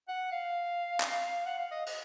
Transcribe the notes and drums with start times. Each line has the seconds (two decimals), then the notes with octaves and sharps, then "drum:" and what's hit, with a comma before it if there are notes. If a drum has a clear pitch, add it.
0.08 F#5
0.32 F5
1.00 drum: clap
1.46 F#5
1.58 F5
1.71 D#5
1.86 D#5, drum: cymbal